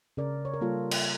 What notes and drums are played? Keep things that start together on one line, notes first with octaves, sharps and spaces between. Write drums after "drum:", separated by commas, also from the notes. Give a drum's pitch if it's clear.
C#3 A#4 D5
C#5
A#4
G3 A#3 F4 A4
drum: cymbal